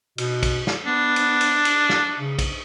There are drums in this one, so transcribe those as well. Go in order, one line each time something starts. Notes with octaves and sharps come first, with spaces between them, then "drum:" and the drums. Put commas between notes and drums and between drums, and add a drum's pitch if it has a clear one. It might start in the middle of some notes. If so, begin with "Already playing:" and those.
B2, drum: cymbal
drum: kick, cymbal
drum: snare
B3 D4
drum: cymbal
drum: cymbal
drum: cymbal
drum: snare
C#3
drum: kick, cymbal